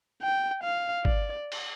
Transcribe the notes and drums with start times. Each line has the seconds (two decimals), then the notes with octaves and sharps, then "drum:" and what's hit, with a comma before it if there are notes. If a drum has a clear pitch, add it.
0.22 G5
0.64 F5
1.05 D5, drum: kick
1.52 drum: cymbal